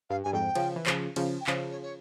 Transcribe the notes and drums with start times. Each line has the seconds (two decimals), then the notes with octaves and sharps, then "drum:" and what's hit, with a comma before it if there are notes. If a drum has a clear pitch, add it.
0.10 G2 F5
0.24 G2 G#5
0.33 F2 G#2 G5
0.55 C#3 F3, drum: cymbal
0.76 E3
0.86 C#3 F3, drum: clap
1.16 C#3 F3, drum: cymbal
1.41 G5
1.47 C#3 F3 F5, drum: clap
1.70 C#5
1.82 C#5